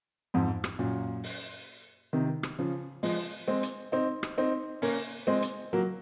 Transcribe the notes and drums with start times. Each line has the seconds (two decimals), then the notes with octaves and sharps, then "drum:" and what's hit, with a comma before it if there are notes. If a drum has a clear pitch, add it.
0.34 F2 G#2
0.64 drum: rim click
0.79 F#2 A#2
1.24 drum: open hi-hat
2.13 C3 D#3
2.43 drum: rim click
2.59 C#3 F3
3.03 F3 G#3, drum: open hi-hat
3.48 G#3 C4
3.63 drum: hi-hat
3.92 C4 D#4
4.23 drum: rim click
4.38 C4 D#4
4.82 A#3 C#4, drum: open hi-hat
5.27 G#3 C4
5.42 drum: hi-hat
5.73 F#3 A#3